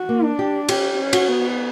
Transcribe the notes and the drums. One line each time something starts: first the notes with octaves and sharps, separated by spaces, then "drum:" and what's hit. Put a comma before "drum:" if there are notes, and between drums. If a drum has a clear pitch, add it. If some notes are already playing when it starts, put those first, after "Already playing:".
Already playing: F#4
A#3
D4
G4
C#4 G4, drum: cymbal
C#4
F#4, drum: cymbal
B3